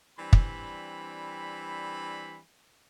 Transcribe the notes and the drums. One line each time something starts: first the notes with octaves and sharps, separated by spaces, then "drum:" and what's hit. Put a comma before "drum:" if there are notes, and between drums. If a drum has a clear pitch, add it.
E3 G3 C4 D4 B5
drum: kick